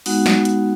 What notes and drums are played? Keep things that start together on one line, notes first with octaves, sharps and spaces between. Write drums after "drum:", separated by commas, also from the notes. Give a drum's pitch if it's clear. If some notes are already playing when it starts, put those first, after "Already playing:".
G#3 B3 D#4 F#4 F#5, drum: open hi-hat
drum: snare
drum: hi-hat